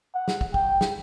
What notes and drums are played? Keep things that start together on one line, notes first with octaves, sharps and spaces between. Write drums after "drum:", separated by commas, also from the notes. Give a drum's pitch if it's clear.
F#5
drum: snare
drum: kick
G5, drum: kick
drum: snare